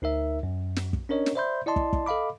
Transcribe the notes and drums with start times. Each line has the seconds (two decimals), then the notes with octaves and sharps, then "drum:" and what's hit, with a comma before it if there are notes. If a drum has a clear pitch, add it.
0.02 D2 D#4 A#4 E5
0.43 F#2
0.76 drum: snare
0.93 drum: kick
1.09 C#4 D4 A#4 C#5 D#5
1.26 drum: snare
1.35 C5 D5 E5 B5 C6 G6
1.66 E4 D5 D#5 A5 C6
1.76 drum: kick
1.93 drum: kick
2.06 A4 D#5 F5 B5 D6